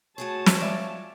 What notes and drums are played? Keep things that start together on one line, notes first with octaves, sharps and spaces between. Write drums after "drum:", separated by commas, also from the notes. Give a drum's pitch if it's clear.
A3 F#4 G#4 C#5 A5
drum: snare
F4 D5 E5 G#5